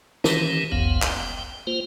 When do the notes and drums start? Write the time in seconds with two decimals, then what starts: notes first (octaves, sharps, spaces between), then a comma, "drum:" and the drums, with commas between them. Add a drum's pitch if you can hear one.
0.24 D#3 E3 C#4 G4, drum: snare
0.72 F#1 C2 F2 B3 F5
1.02 G5, drum: clap
1.67 A#3 F4 C5